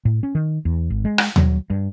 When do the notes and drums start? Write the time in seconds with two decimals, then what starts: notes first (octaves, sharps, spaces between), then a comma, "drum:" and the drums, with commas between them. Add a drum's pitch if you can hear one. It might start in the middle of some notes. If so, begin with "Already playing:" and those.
0.05 A2
0.23 C#4
0.35 D#3
0.65 E2
0.90 G#1
1.05 G#3
1.18 drum: rim click
1.36 F#3, drum: tom D#2
1.70 G2